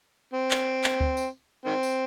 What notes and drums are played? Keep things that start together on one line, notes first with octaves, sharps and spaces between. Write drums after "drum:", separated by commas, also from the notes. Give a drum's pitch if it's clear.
C4
drum: clap
drum: clap
drum: kick D2
drum: tambourine
D#3 C4
drum: tambourine